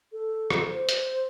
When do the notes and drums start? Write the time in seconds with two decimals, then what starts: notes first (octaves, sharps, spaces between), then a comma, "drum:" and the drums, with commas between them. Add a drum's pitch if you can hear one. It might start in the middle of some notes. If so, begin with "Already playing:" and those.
0.13 A4
0.50 drum: rim click
0.69 C5
0.89 drum: hi-hat